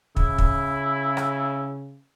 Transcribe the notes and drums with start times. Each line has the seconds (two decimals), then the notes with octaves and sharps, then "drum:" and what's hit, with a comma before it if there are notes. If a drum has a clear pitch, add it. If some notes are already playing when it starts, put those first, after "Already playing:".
0.17 C#3 E4, drum: kick
0.38 drum: kick
1.17 drum: rim click